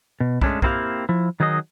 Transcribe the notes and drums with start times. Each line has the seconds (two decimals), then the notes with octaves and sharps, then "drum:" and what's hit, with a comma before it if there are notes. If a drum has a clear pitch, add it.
0.20 B2
0.41 G#3 A3 C#4 D4 E4, drum: kick
0.62 A#3 C4 E4 F#4 G4 F5, drum: kick
1.09 F3 E4
1.40 D#3 F#3 D#4 G#4 D#5